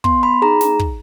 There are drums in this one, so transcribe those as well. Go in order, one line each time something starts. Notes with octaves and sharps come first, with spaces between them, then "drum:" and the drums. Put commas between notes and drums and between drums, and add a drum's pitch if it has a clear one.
B3 C6, drum: kick
B5
D#4 G#4 A#5
drum: snare
drum: kick